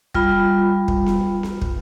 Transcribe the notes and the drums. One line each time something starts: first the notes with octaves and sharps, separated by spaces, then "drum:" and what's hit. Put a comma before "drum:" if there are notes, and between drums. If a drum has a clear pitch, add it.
G3 F4 B5, drum: kick
drum: kick
drum: snare B3
drum: snare B3
drum: kick